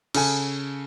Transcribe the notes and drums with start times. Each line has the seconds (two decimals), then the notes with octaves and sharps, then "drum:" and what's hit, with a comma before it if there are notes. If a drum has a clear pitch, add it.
0.14 C#3 A4 G#5, drum: cymbal